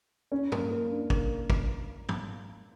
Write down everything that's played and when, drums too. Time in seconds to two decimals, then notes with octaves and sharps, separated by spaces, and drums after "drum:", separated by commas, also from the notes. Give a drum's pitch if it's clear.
0.32 C#4
0.52 A#3, drum: tom
0.70 A#3
0.91 D4
1.10 A#3, drum: kick
1.50 drum: kick
2.09 drum: tom